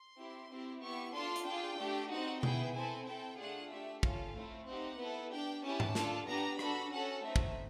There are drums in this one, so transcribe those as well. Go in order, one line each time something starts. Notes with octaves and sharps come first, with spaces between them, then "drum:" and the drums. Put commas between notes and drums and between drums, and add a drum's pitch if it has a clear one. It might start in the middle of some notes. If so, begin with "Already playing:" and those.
Already playing: C6
C4 E4 G4
C4 E4 G4
B3 E4 G4 C#6
D4 F4 A4 C6
drum: hi-hat
D4 F4 G#4 G5
A3 D4 G4
C4 D#4 F#4 F#5
B3 E4 G#4 G5, drum: tom B2
C4 E4 A4 G#5
C4 E4 A4 G5
A3 D4 F4 G#4 F#5
A3 D4 G4 E5
C#4 F4 A4 F5, drum: kick
A3 C4 E4
C4 D#4 G4 F#5
B3 E4 A4
D4 G4 G5
C#4 E4 G4 A5
drum: tom G#2
D4 F4 A4, drum: snare
B3 D4 G4 A#5
D4 F#4 A4 B5, drum: rim click
C#4 F#4 A4 F#5
A3 C4 D#4 E5
drum: kick